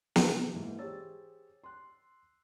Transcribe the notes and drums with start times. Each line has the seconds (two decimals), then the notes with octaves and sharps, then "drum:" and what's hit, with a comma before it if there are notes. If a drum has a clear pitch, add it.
0.16 C3 F3, drum: snare
0.53 G#2 E3 A#3
0.79 G4 G#4 C5 C#5 E6 A6
1.64 C6 F#6